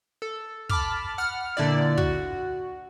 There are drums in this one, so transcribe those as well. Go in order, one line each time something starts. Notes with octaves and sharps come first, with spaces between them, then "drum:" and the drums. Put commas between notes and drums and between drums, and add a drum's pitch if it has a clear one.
A4
A5 B5 D6 F6, drum: kick
F#5 F6
A#2 D3 E4 D5
F#4, drum: kick